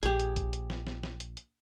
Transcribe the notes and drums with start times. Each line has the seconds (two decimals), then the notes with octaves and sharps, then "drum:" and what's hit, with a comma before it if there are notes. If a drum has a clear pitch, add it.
0.03 A#1 G4 G#4, drum: hi-hat
0.20 drum: hi-hat
0.36 drum: kick A#1, hi-hat
0.53 drum: hi-hat
0.70 drum: snare
0.87 drum: snare
1.03 drum: snare
1.20 drum: hi-hat
1.37 drum: hi-hat